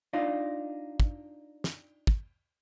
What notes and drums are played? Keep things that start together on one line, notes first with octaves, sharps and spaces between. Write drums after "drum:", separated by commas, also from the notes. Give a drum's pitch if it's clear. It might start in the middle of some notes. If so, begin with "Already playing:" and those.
D4 D#4 F4
drum: kick
drum: snare
drum: kick